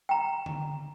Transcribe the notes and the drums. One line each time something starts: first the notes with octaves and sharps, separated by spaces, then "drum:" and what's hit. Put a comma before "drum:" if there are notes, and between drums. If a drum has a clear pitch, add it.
G5 A#5
drum: tom D3